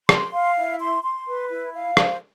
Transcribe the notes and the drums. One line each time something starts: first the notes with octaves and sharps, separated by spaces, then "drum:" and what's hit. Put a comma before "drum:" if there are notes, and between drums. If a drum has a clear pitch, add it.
C6, drum: rim click
F5
E4
C6
C6
B4
E4
F5
C5, drum: rim click